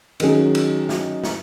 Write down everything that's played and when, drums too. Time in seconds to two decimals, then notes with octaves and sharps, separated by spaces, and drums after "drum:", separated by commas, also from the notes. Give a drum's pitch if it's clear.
0.20 D#3 F#3 C#4 G#4, drum: cymbal
0.55 drum: cymbal
0.89 drum: snare
1.24 drum: snare